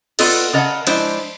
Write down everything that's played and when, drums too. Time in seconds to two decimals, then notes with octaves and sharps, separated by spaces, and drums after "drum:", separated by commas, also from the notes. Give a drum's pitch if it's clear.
0.19 B3 F4 A4 B4 D5 D#5, drum: cymbal
0.53 C#3 A#4 D#5 F#5 A5
0.87 F3 G#3 D4 E4 C5, drum: cymbal